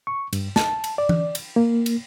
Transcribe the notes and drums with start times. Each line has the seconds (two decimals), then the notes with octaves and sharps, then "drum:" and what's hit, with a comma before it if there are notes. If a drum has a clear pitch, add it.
0.07 C#6
0.33 G2, drum: cymbal
0.56 A5, drum: snare
0.84 drum: cymbal
0.98 D5
1.09 drum: tom E3
1.35 drum: cymbal
1.56 A#3
1.86 drum: cymbal